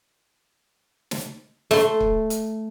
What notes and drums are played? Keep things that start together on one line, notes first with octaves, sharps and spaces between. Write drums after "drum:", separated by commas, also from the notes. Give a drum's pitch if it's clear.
drum: snare
A3 C6, drum: snare
drum: kick
drum: hi-hat